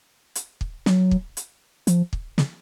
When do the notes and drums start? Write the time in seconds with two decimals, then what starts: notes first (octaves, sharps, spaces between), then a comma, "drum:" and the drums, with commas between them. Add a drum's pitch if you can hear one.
0.35 drum: hi-hat
0.61 drum: kick
0.86 F#3, drum: snare
1.11 drum: kick
1.37 drum: hi-hat
1.87 F3, drum: hi-hat
2.13 drum: kick
2.38 C#3, drum: snare